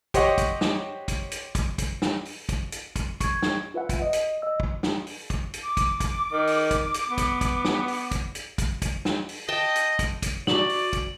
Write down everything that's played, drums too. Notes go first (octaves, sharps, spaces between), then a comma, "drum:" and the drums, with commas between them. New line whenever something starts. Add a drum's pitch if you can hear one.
G4 C5 C#5 D#5 F#5 C#6, drum: kick, hi-hat
drum: kick, hi-hat
drum: snare
drum: kick, hi-hat
drum: hi-hat
drum: kick, hi-hat
drum: kick, hi-hat
drum: snare
drum: open hi-hat
drum: kick, hi-hat
drum: hi-hat
drum: kick, hi-hat
C#6 G#6, drum: kick, hi-hat
drum: snare
F4 B4 E5 F#5
drum: kick, hi-hat
D#5
drum: hi-hat
D#5 E6
drum: kick
drum: snare
drum: open hi-hat
drum: kick, hi-hat
drum: hi-hat
D6
drum: kick, hi-hat
drum: kick, hi-hat
D#3
drum: open hi-hat
drum: kick, hi-hat
drum: hi-hat
B3
drum: kick, hi-hat
drum: kick, hi-hat
drum: snare
drum: open hi-hat
drum: kick, hi-hat
drum: hi-hat
drum: kick, hi-hat
drum: kick, hi-hat
drum: snare
drum: open hi-hat
D#5 G5 A5
drum: hi-hat
drum: kick, hi-hat
drum: kick, hi-hat
F#4 D5 F#7, drum: snare
drum: open hi-hat
drum: kick, hi-hat